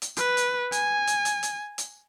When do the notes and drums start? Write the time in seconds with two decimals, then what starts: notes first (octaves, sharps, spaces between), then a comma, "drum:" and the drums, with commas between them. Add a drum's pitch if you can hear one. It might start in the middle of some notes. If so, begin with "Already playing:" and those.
0.02 drum: hi-hat
0.17 B4, drum: hi-hat
0.37 drum: hi-hat
0.72 G#5, drum: hi-hat
1.07 drum: hi-hat
1.25 drum: hi-hat
1.43 drum: hi-hat
1.78 drum: hi-hat